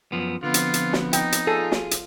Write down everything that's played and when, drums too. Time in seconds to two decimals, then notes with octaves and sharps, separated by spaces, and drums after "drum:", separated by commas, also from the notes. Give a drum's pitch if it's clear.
0.12 F#2 F3 B3
0.43 D3 F3 B3 C4 F4
0.54 drum: hi-hat
0.74 drum: hi-hat
0.93 drum: snare
1.13 D#4 G5, drum: hi-hat
1.32 drum: hi-hat
1.47 F4 G#4 A4
1.72 drum: snare
1.91 drum: hi-hat